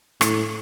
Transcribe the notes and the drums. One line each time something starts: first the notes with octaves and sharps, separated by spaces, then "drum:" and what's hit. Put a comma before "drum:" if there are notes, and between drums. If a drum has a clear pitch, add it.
A2, drum: rim click